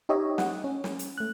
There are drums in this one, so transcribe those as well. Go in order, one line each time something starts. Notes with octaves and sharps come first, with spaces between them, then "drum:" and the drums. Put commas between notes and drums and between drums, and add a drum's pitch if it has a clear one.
D#4 G4 C#5 D#5 E5
F#5, drum: snare
C#4
drum: snare
drum: hi-hat
A3 F#6